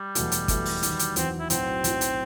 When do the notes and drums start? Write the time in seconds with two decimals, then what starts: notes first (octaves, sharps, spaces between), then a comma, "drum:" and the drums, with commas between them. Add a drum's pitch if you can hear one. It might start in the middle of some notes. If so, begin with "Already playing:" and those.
Already playing: G3
0.15 E1 E2 B2 F#3 A3, drum: hi-hat
0.32 drum: hi-hat
0.48 E1 E2 B2 F#3 A3, drum: kick, hi-hat
0.65 drum: open hi-hat
0.83 E2 D#3 F#3, drum: hi-hat
0.99 drum: hi-hat
1.16 E2 D#3 F#3 C4, drum: hi-hat
1.39 E4
1.50 B1 A2 F#3 C4, drum: hi-hat
1.84 B1 A2 F#3, drum: hi-hat
2.01 drum: hi-hat